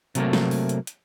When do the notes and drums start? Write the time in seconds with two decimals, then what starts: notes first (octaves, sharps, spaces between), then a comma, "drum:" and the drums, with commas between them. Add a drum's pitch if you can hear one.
0.15 C3 F#3 A3 A#3, drum: hi-hat
0.33 drum: snare
0.51 drum: open hi-hat
0.69 drum: hi-hat
0.87 drum: hi-hat